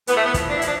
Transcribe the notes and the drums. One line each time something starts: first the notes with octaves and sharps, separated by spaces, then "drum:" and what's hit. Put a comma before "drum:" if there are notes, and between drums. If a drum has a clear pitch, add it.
A2 B3, drum: hi-hat
A3
B3
F3, drum: kick, hi-hat
D4
E4
F3 D4, drum: hi-hat